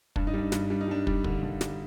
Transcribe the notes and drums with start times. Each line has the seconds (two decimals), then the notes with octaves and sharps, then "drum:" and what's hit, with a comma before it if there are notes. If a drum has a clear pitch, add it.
0.16 G2 D4, drum: kick
0.27 D#4
0.34 G3 D4
0.52 G2, drum: snare
0.70 G3 D4
0.81 D#4
0.88 G3 D4
1.07 G3, drum: kick
1.24 D3, drum: kick
1.43 D3
1.61 G3, drum: snare